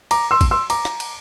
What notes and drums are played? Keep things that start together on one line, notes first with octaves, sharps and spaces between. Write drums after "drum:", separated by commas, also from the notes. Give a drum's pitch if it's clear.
A#5 D6, drum: cymbal
C6 E6
drum: kick A1, cymbal
C6 E6
A#5 D6, drum: cymbal
drum: rim click
drum: cymbal